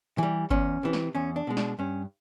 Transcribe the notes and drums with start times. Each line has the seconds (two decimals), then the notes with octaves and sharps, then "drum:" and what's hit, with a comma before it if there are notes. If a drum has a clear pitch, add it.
0.18 E3 G3
0.50 E2 C#4, drum: kick G1
0.83 C3 E3
0.93 drum: snare
1.15 E2 C#4
1.36 D4
1.47 B2 G#3
1.57 D4, drum: snare
1.79 G2 C#4